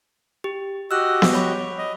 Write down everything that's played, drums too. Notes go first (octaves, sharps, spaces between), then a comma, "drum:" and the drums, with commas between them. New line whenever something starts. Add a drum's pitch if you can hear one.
G4
F#4 G4 D#5 E6 F#6
drum: snare B3
C#5 B5 D6
D#5